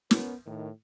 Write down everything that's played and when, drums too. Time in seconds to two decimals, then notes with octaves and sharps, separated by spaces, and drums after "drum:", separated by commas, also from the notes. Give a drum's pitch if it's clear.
0.11 B3 C#4 A#4, drum: snare
0.45 A2 D#3